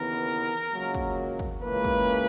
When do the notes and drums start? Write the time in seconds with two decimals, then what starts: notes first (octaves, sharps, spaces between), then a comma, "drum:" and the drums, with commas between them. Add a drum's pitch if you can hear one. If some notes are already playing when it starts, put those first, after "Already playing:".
Already playing: D#2 C#3 E3 B3 A#4
0.71 C#2 C#3 F#3 A#3
0.94 drum: kick
1.39 drum: kick
1.62 C#2 C#3 E3 A#3 B4
1.84 drum: kick